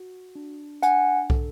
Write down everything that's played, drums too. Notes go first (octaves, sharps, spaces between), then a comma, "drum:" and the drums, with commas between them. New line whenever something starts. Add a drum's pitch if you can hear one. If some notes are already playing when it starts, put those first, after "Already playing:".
Already playing: F#4
D4
D4 F#5 G#5, drum: hi-hat
A4, drum: kick